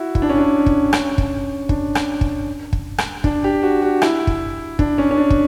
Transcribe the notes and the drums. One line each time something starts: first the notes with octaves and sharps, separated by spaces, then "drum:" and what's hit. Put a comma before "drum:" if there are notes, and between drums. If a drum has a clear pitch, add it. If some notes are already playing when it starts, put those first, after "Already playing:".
Already playing: E4 F#4
E4, drum: kick
D4
C#4
D4
drum: kick
C#4, drum: rim click
drum: kick
D4, drum: kick
drum: rim click
drum: kick
drum: kick
drum: rim click
D4, drum: kick
G4
F#4
F#4
E4, drum: rim click
drum: kick
D4, drum: kick
C#4
C#4
D4
drum: kick